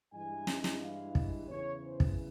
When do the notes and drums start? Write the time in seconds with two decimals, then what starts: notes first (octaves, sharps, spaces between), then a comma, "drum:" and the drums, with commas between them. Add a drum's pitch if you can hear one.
0.13 G2 E3 G#3 G#5
0.47 drum: snare
0.64 drum: snare
0.81 F5
1.15 drum: kick
1.49 E2 C#3 E3 C#5
1.84 C5
2.00 drum: kick